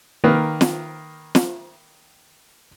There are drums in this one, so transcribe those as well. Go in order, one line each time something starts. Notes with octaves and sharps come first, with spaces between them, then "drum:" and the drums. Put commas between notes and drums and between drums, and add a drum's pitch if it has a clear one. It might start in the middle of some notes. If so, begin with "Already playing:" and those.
D#3 A#3 B4
drum: snare
drum: snare